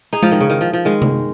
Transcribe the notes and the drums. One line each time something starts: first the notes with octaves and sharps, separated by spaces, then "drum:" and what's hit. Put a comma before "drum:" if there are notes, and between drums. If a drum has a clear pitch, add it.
D#4 G#4
F3, drum: tom G#3
D#3
C#3
D#3
F3
F3
D#3 G#3
drum: tom C3